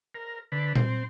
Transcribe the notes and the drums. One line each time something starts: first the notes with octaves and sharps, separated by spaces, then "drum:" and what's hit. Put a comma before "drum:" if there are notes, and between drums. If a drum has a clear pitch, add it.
A#4
D3 B4
C4, drum: tom A#2